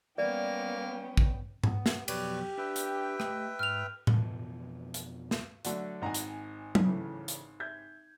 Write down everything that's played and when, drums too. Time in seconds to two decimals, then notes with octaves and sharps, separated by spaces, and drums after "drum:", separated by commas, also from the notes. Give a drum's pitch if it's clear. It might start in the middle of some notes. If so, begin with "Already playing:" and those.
0.18 G3 A#3 B3 C#4 D5 G5
1.17 drum: kick
1.63 B3, drum: tom G#2
1.86 drum: snare
2.08 F2 B2 F#3 G4 B4 C#5 D5, drum: cymbal
2.58 D4 B4 E5 G5
2.76 drum: hi-hat
3.20 A3 D#5, drum: rim click
3.59 G#2 F6 F7
4.07 F2 B2 E3 F3, drum: tom A2
4.94 drum: hi-hat
5.31 drum: snare
5.65 D3 F#3 A3, drum: hi-hat
6.02 G#1 D#5 F#5 G#5 A#5
6.14 drum: hi-hat
6.75 drum: tom F#3
6.84 C#3 E3 A3
7.28 drum: hi-hat
7.60 E5 G6 G#6